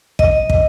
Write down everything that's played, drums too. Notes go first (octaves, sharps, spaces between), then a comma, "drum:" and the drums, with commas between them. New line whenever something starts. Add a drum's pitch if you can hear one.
D#5, drum: kick
drum: kick